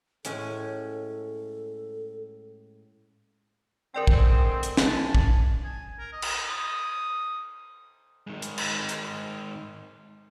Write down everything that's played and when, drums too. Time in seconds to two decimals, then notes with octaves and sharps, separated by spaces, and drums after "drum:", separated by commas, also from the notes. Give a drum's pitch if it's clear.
0.25 A2 G#3 C#4 A4, drum: hi-hat
3.94 D3 G#3 C4 A#4 D5 G5
4.07 drum: kick A#1
4.63 drum: hi-hat
4.77 G#5 A5, drum: snare
5.15 drum: kick A#1
5.64 G#5
5.99 A#4
6.13 D#5
6.22 drum: cymbal
6.47 D#6
8.27 G#2 D#3
8.42 drum: hi-hat
8.58 drum: cymbal
8.89 drum: hi-hat